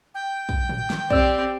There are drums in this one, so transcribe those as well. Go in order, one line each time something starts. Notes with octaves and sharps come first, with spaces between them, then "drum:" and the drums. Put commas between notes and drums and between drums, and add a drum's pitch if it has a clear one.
G5
drum: kick
drum: tom A2
drum: snare
C4 G4 D5 E6, drum: kick